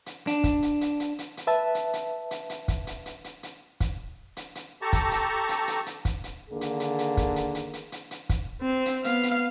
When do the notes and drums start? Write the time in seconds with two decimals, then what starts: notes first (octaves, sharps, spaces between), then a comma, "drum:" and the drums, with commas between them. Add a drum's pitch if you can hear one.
0.06 drum: hi-hat
0.27 D4, drum: hi-hat
0.44 drum: kick, hi-hat
0.62 drum: hi-hat
0.81 drum: hi-hat
1.00 drum: hi-hat
1.19 drum: hi-hat
1.37 drum: hi-hat
1.47 B4 E5 A5
1.75 drum: hi-hat
1.93 drum: hi-hat
2.31 drum: hi-hat
2.49 drum: hi-hat
2.68 drum: kick, hi-hat
2.87 drum: hi-hat
3.06 drum: hi-hat
3.24 drum: hi-hat
3.43 drum: hi-hat
3.80 drum: kick, hi-hat
4.37 drum: hi-hat
4.55 drum: hi-hat
4.82 G4 A4 A5 A#5 C#6
4.93 drum: kick, hi-hat
5.11 drum: hi-hat
5.49 drum: hi-hat
5.68 drum: hi-hat
5.86 drum: hi-hat
6.05 drum: kick, hi-hat
6.24 drum: hi-hat
6.50 D3 D#3 A#3 G#4
6.61 drum: hi-hat
6.80 drum: hi-hat
6.99 drum: hi-hat
7.17 drum: kick, hi-hat
7.36 drum: hi-hat
7.55 drum: hi-hat
7.73 drum: hi-hat
7.92 drum: hi-hat
8.11 drum: hi-hat
8.29 drum: kick, hi-hat
8.61 C4
8.86 drum: hi-hat
9.04 B3 F5, drum: hi-hat
9.23 drum: hi-hat